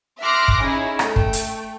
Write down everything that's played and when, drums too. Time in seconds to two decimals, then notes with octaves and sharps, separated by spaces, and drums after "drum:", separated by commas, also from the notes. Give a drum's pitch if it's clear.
0.20 E5 C6 D6 F6 F#6 A#6
0.48 drum: kick
0.61 C#4 D#4 E4 G#4 G#5
0.99 A3 G5, drum: rim click
1.16 drum: kick
1.33 drum: hi-hat